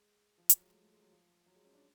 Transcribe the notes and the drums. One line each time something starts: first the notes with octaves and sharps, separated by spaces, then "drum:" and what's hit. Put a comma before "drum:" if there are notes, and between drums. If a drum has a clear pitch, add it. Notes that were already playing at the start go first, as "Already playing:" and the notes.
Already playing: G#3
F3
F#3, drum: hi-hat
G#3
A3
A3
G#3
F#3
F3
F#3
G#3
C#4
D4